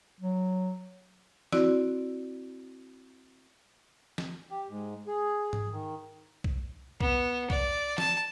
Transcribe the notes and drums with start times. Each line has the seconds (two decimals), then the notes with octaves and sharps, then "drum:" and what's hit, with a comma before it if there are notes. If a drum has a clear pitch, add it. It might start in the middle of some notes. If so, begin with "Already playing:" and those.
0.21 F#3
1.52 C4 E4 F#4 D5, drum: snare
4.18 drum: snare
4.50 G4
4.68 G#2
5.07 G#4
5.53 drum: tom G#2
5.71 D#3
6.44 drum: kick B1
7.01 B3, drum: kick B1
7.50 D5, drum: kick B1
7.98 A5, drum: snare